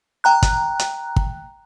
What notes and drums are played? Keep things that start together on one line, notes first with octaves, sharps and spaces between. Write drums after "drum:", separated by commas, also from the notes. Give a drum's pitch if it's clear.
G5 A#5 F#6
drum: kick, hi-hat
drum: hi-hat
drum: kick